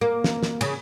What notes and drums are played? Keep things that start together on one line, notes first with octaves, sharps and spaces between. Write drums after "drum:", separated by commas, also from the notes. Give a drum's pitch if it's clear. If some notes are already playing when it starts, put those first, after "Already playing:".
A#3
drum: snare
drum: snare
C#3, drum: cymbal